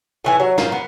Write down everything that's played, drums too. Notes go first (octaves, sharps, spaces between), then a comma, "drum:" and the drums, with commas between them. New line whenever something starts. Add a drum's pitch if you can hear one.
A2 E3 G#5
F#3
A#3 D#4 F4, drum: snare
B3